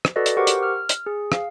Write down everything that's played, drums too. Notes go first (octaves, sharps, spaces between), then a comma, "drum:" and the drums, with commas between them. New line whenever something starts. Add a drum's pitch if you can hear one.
drum: rim click
F#4 A4 B4 D5 D#5
drum: hi-hat
G4 A#4 C5 F#5 C#6 D6
drum: hi-hat
F6
drum: hi-hat
G#4
F5, drum: rim click